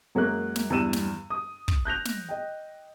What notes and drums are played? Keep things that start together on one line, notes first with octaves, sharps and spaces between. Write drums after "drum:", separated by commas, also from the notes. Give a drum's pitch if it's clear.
F#2 F#3 G#3 A#3 A#4 F#6
drum: snare
E2 G2 G3 E6 D#7 E7
drum: snare
D#6
drum: kick
F#6 G6 A#6 F7
drum: snare
D#5 G5